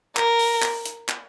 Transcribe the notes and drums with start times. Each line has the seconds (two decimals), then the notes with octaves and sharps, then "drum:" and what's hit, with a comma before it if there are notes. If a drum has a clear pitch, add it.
0.16 A#4, drum: clap
0.39 drum: open hi-hat
0.62 drum: clap
0.85 drum: hi-hat
1.09 drum: clap